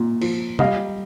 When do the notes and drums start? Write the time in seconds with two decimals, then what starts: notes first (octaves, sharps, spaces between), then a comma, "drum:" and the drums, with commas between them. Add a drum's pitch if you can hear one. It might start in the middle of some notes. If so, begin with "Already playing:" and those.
Already playing: A#2
0.21 F3, drum: cymbal
0.59 G3 D#5 F5, drum: tom